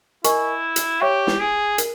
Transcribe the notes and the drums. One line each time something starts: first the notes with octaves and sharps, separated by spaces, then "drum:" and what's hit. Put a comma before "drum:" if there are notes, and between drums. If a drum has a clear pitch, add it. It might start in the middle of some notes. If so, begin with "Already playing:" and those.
E4 A#4 D#5 G#5 C#6, drum: hi-hat
drum: hi-hat
G4 C#5 E5 G5 C#6
drum: snare
G#4
A#4, drum: hi-hat